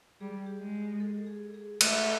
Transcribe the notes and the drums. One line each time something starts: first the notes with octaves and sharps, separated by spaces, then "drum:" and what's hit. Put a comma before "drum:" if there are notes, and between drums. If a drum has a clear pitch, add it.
G3 G#4
G4
G#3
A4
G#4
G#4
A3 A4, drum: cymbal